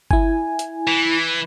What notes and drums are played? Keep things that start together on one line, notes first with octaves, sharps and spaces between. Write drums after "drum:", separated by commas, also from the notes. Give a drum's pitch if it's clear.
E4 G#5, drum: kick G1
drum: hi-hat
E3